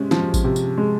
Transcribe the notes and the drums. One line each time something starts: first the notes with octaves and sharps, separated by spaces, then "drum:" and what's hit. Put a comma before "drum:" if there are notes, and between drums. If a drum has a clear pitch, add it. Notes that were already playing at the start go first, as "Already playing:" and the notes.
Already playing: C3 G#3 C#4
F3, drum: snare
drum: kick A1, tambourine
C3
drum: tambourine
G#3